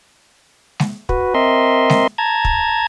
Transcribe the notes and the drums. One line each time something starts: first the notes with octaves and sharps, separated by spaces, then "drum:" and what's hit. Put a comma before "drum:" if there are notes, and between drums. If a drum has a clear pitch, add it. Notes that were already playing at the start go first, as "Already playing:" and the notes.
drum: snare G#3
F#4 B4, drum: kick
C4 A#4 D#5 E5 C6
drum: snare G#3
A5 A#5 G#6
drum: kick